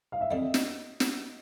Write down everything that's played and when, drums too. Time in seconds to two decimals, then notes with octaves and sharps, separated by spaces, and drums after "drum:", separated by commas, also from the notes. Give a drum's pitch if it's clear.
0.12 F5
0.21 E5
0.31 F2 D3 G3 D#5
0.54 drum: snare
1.00 drum: snare